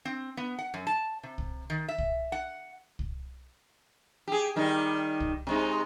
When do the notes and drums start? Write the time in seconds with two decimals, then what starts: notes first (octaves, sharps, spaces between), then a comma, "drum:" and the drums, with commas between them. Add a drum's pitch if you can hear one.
0.05 C4
0.37 B3
0.59 F#5
0.74 F#2
0.87 A5
1.23 C3
1.38 drum: kick C2
1.70 D#3
1.88 E5
1.98 drum: kick C2
2.32 F#5
2.99 drum: kick C2
4.27 G4 G#4
4.56 D#3 G3 D#4
5.20 drum: kick C2
5.47 C3 G#3 D#4